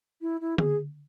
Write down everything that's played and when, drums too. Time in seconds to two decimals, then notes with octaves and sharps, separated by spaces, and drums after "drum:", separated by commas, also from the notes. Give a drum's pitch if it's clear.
0.21 E4
0.41 E4
0.58 G#4, drum: tom D3